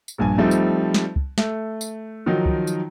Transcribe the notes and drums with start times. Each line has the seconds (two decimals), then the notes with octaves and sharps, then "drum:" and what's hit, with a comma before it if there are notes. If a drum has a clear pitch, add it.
0.08 drum: tambourine
0.18 A#1 G2 G#5
0.38 F3 G3 A3 C4 D#4
0.51 drum: tambourine
0.94 drum: snare
1.16 drum: kick
1.38 A3, drum: snare
1.81 drum: tambourine
2.26 D#3 F3 F#3 D#4
2.46 drum: kick
2.67 drum: tambourine